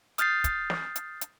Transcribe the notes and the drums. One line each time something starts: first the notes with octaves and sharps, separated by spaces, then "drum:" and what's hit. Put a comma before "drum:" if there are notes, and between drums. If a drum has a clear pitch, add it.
D#6 F6 G6 A6 C7, drum: hi-hat
drum: kick, hi-hat
drum: snare
drum: hi-hat
drum: hi-hat